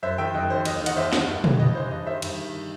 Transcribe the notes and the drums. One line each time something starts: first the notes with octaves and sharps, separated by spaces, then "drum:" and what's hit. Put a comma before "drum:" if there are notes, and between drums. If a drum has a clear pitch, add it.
F#2 C5 E5
D#3 E5 G5
F#2 D#5
D#3 C5
D#2 D#5, drum: cymbal
D#5
D#3
D#5 F#5, drum: cymbal
D#2 C5 E5
D#3 D#5 F#5, drum: snare
G2
E3, drum: tom
G2 D#5
E3 C5
G2 D#5
D#3 C5 E5
G2, drum: cymbal
D#3